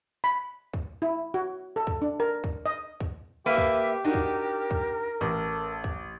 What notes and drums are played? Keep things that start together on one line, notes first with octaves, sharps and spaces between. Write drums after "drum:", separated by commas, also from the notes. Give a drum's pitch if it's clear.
B5
drum: kick
E4
F#4
A4
drum: kick
D4
A#4
drum: kick
D#5
drum: kick
A#3 G4 B4 E5
drum: kick
D4 D#4 F#4 A#4
drum: kick
drum: kick
A1 A4
drum: kick